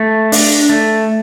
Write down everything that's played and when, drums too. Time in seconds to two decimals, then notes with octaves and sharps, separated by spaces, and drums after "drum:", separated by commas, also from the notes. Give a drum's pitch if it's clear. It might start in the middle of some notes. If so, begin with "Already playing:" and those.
Already playing: A3
0.32 D4, drum: open hi-hat
0.69 A3